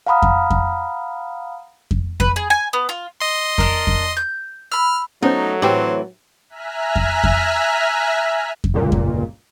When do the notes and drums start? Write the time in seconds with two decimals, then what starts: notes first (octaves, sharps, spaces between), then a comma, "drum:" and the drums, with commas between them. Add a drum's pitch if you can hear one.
0.07 F5 F#5 A#5 B5 D#6 F6
0.22 drum: kick F2
0.50 drum: kick F2
1.91 drum: kick F2
2.20 B4, drum: kick F2
2.36 G#4
2.50 G#5
2.73 B3
2.89 F4
3.20 D#5 C6
3.58 D4 A#4, drum: kick F2
3.87 drum: kick F2
4.17 G6
4.72 B5 E6 F6
5.22 F#3 A3 B3 C#4 D#4 C5
5.62 A2 E3 C4 G4 G5 E6
6.49 E5 G#5 A#5 F6 F#6 B6
6.96 drum: kick F2
7.24 drum: kick F2
8.64 drum: kick F2
8.74 G1 C#2 A#2
8.92 drum: kick F2